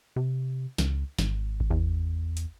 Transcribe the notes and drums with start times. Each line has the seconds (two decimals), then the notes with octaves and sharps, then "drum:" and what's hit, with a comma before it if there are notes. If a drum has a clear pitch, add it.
0.16 C3
0.78 C#2, drum: snare
1.19 G#1, drum: snare
1.60 drum: kick G#1
1.70 E2
2.37 drum: hi-hat